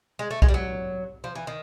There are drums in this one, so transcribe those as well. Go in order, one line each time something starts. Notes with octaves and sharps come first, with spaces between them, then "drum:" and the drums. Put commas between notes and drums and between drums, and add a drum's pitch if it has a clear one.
G#3
A3
G#3, drum: kick B1
G3
F#3
F3
E3
D#3